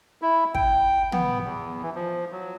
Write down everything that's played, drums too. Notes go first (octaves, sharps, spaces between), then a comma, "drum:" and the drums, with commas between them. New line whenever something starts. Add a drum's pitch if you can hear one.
E4
G5, drum: kick
B3, drum: tom
E2
E3
F3
F#3